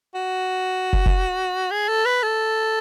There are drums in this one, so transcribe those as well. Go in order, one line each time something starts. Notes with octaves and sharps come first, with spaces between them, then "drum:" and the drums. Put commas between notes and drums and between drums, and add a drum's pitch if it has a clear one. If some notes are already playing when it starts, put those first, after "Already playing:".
F#4
drum: kick
drum: kick
G#4
A4
B4
A4